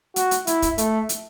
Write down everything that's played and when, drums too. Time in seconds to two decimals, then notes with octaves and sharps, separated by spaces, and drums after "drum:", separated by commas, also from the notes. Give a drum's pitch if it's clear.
0.16 F#4, drum: hi-hat
0.31 drum: hi-hat
0.47 E4, drum: hi-hat
0.62 drum: kick, hi-hat
0.78 A3, drum: hi-hat
1.09 drum: hi-hat